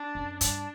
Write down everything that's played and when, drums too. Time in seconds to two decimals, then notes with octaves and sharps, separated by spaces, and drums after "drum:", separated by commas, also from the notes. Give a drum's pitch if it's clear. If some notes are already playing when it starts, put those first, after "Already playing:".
Already playing: D4
0.15 F#2
0.41 G2 D4, drum: hi-hat